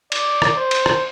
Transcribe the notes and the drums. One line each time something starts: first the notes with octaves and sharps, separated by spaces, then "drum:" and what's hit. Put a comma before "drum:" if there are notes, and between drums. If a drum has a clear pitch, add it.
D5, drum: cymbal
drum: rim click
C5
drum: cymbal
drum: rim click